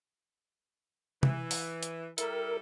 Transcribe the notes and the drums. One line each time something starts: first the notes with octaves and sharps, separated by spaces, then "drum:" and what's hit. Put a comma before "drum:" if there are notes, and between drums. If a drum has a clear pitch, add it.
E3, drum: tom C3
drum: open hi-hat
drum: hi-hat
G3 E4 A4 A#4, drum: hi-hat